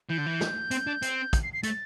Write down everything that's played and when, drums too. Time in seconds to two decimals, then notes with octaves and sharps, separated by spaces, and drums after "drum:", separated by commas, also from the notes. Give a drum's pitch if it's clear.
0.10 E3 G6
0.18 D3
0.26 E3
0.41 drum: snare
0.71 C4, drum: hi-hat
0.87 D4
1.02 C4, drum: hi-hat
1.33 drum: kick, hi-hat
1.43 C7
1.53 C7
1.63 A3 A6, drum: hi-hat